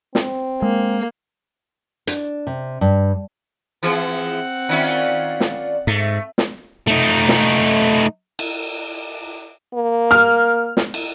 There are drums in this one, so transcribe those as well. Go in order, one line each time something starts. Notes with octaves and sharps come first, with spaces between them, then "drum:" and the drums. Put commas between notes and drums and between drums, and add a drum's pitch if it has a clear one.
C4, drum: snare
G#3 A#3
D4, drum: hi-hat
C3
G2
E3 F3 C4 G#4 F#5
D#3 C#4 F4 D5
drum: snare
G#2 A3
drum: snare
A3 D#4
drum: snare
drum: cymbal
A#3
F6
drum: snare
drum: cymbal